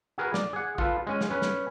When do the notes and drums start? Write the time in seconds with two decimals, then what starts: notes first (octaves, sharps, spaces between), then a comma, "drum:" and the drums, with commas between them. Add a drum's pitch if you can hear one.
0.18 F#4 G#4 A#4 B4
0.34 D5, drum: snare
0.53 G#4 F#5
0.78 F4 A4 B4, drum: kick A#1
1.07 G#3 C#4 G#5
1.21 drum: snare
1.30 C#4 B4
1.42 drum: snare